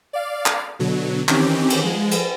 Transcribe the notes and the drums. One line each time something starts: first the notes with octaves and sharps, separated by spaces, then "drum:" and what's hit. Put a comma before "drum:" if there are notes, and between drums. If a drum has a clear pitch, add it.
D5 F5
drum: clap
B2 D3 F#3
D#3 E3 C4 C#4 G4, drum: clap
drum: cymbal
F3 G#3
drum: cymbal